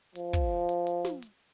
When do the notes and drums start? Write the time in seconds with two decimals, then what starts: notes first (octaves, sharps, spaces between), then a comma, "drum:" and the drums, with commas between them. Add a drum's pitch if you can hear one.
0.15 F3, drum: hi-hat
0.33 drum: kick, hi-hat
0.69 drum: hi-hat
0.87 drum: hi-hat
1.05 drum: snare
1.22 drum: hi-hat